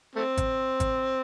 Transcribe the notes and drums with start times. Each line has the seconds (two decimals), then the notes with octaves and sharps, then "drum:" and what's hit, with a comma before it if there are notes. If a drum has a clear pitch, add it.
0.16 A3 C4
0.37 drum: kick G#1, hi-hat
0.80 drum: kick G#1, hi-hat